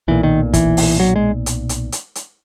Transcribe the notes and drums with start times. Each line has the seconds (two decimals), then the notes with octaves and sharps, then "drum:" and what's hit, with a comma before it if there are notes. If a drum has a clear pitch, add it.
0.08 B1 A#2 E3
0.23 D#3
0.54 E3, drum: kick, hi-hat
0.77 drum: open hi-hat
1.00 F#3
1.16 G#3
1.46 drum: hi-hat
1.69 drum: hi-hat
1.92 drum: hi-hat
2.15 drum: hi-hat